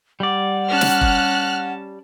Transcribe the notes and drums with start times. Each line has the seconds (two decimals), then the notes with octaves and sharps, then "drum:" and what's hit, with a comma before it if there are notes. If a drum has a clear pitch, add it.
0.20 G3 D5 F#5
0.69 C#4 A5 F6 F#6
0.81 drum: snare
1.01 drum: kick F1